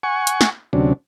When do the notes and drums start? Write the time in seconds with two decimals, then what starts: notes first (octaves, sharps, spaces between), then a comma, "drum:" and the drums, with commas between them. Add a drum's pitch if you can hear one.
0.03 F#5 G#5 C#6
0.27 drum: hi-hat
0.41 drum: snare
0.73 D2 C3 F#3 C#4 D4